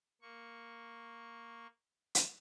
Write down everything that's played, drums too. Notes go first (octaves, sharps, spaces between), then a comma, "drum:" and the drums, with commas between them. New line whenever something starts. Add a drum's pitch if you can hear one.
A#3 C#6
drum: hi-hat